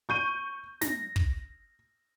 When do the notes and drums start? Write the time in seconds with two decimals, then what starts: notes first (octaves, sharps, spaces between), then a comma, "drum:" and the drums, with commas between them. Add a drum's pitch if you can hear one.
0.09 C#6 G6 D#7
0.81 A#6, drum: snare
1.16 drum: kick